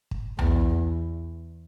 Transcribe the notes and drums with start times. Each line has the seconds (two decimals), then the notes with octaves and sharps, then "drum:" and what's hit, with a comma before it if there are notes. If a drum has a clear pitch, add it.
0.11 drum: kick
0.39 E2, drum: tom B1